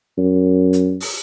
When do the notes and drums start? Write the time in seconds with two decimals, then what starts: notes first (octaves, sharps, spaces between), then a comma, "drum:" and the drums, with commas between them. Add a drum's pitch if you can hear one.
0.18 F#2
0.73 drum: hi-hat
1.01 drum: open hi-hat